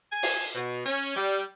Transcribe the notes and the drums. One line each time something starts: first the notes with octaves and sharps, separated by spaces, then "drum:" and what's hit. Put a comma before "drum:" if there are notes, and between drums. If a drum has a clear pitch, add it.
G#5
drum: open hi-hat
B2
C#4
G3